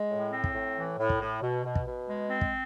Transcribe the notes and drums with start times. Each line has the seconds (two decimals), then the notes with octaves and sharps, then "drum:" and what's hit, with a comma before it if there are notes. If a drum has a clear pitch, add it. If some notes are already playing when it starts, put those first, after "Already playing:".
Already playing: G#3
0.11 A2
0.33 C4
0.44 drum: kick
0.55 A2
0.77 E3
0.98 A2
1.10 drum: kick
1.21 A2
1.42 B2
1.64 B2
1.75 drum: kick
1.86 B2
2.08 G#3
2.30 C4
2.41 drum: kick